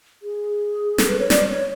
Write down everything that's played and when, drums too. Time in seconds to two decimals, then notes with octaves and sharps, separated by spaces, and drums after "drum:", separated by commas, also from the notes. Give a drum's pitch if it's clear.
0.23 G#4
0.98 A4, drum: snare
1.09 B4
1.19 C#5
1.30 D5, drum: snare
1.48 C#5